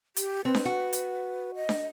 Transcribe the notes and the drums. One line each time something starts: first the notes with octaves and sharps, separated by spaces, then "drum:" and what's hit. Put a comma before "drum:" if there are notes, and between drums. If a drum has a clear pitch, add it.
G4, drum: hi-hat
C4 B4
drum: snare D4
F#4
drum: hi-hat
D#5
drum: snare D4